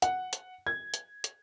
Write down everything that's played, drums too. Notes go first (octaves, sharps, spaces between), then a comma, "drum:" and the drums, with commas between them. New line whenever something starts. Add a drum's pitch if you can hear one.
F#5, drum: hi-hat
drum: hi-hat
G#6
drum: hi-hat
drum: hi-hat